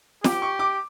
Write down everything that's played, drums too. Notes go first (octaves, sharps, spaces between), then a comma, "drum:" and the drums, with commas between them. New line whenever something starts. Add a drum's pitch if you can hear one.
G4 D6, drum: snare
C#6
D6